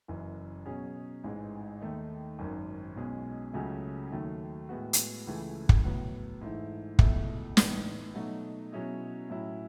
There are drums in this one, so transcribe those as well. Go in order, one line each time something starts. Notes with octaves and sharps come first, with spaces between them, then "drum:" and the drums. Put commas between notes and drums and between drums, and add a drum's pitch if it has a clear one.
F#1 F#2 E3
B2 F#3 C#4 G#4
A1 G#2 E3 G#3
D#2 D#3 A3 D#4
G#1 F#2 D#3
B1 B2 G#3 C#4 G#4
C#2 C#3 F#3 A3 C#4
D#2 D#3 F#3 A3
A2 G#3 B3 F#4
drum: hi-hat
C#2 C#3 E3 A3
drum: kick
A2 F#3 B3
G#2 E3 A3 E4
C#2 B2 A3 E4, drum: kick
A2 E3 B3 D#4, drum: snare
B2 F#3 A3 D#4 F#4
B2 F#3 C#4 E4 G#4
A2 F#3 C#4 E4